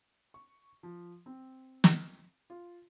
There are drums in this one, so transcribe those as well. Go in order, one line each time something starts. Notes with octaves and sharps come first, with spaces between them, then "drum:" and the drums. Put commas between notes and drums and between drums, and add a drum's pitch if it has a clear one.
C#6
F3
C4
drum: snare
F4